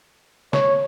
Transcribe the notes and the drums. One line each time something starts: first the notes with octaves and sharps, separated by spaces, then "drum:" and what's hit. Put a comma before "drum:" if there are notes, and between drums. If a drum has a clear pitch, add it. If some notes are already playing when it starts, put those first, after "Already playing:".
C#5, drum: snare